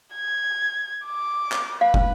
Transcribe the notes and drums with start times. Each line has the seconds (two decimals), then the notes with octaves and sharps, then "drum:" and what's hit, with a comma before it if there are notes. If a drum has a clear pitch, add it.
0.14 G#6
1.06 D6
1.52 drum: clap
1.81 B4 F5
1.94 drum: kick